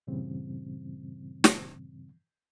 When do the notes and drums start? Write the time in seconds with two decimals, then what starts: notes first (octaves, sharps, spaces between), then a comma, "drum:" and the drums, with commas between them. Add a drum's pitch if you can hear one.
0.07 G2 A#2 C#3 E3 G3 C4
1.44 drum: snare